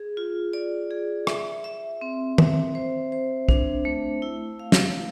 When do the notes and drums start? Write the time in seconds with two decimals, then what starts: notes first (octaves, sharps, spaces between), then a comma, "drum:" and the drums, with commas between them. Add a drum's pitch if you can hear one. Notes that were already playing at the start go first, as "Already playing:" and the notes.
Already playing: G#4
0.17 F4
0.53 D5
0.91 G#4
1.27 E5, drum: rim click
1.64 E5
2.01 C4
2.38 E5, drum: tom D#3
2.75 C5
3.12 C5
3.49 D4, drum: kick
3.85 A3
4.22 E4
4.59 F5
4.72 drum: snare